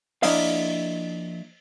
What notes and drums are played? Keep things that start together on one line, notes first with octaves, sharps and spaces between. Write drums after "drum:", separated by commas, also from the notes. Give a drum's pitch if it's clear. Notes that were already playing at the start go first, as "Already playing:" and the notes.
F3 A#3 D4 E4 D#5 F5, drum: open hi-hat